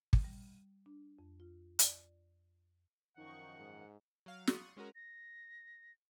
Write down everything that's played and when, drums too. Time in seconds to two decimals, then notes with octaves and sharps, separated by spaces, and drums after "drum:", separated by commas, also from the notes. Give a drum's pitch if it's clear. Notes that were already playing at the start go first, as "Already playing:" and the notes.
0.13 drum: kick
0.24 G3
0.86 D4
1.19 F2
1.40 F4
1.79 D5, drum: hi-hat
3.17 F#2 D#3 F3 D#4 F#5 C#6
3.57 G#2
4.26 F#3 F5
4.47 C6 C#6 D#6 F#6, drum: snare
4.77 G#3 C#4 F#4 A#4
4.95 A#6